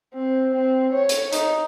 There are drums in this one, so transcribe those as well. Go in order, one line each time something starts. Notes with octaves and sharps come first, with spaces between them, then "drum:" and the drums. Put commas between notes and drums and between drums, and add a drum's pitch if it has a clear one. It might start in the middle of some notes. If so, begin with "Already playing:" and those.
C4
C4
C#5
drum: hi-hat
D#4, drum: hi-hat